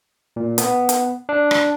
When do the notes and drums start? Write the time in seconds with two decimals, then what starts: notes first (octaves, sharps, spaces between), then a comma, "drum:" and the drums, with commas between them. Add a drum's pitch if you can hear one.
0.36 A#2
0.58 B3, drum: hi-hat
0.89 drum: hi-hat
1.29 D4
1.51 drum: rim click